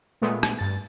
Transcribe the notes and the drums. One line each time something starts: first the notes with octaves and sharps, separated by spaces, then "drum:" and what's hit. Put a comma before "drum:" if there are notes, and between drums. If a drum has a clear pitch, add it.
A#2 G#3 A3 B3
drum: rim click
G2 A6